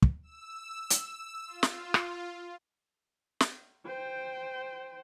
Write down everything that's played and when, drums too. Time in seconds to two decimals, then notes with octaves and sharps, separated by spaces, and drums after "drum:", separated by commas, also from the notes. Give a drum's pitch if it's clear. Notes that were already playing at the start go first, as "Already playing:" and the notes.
0.02 drum: kick
0.23 E6
0.90 drum: hi-hat
1.46 F4
1.63 drum: snare
1.94 drum: rim click
3.40 drum: snare
3.86 C5 G5